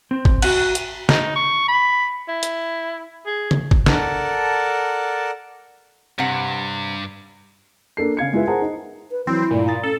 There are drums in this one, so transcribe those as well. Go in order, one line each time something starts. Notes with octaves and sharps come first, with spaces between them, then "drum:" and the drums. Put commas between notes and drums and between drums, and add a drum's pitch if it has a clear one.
C4
drum: kick
F#4 F#5, drum: cymbal
drum: hi-hat
D#4, drum: snare
C#6
B5
E4
drum: hi-hat
G#4
drum: tom C#3
drum: kick
A4 A#4 D5 F#5 A5, drum: snare
G2 C3 F#5
A#3 D4 A4 C7
C#3 F5 G#6 C#7
G#3 E4 F4 B4 E5
G#4 A#4 C5 F#5 A5 A#5
D#4
B4
E3 F#3 C4 E4
G2 A#2 A3 F4
A#5 D#6 A6
C#4 A4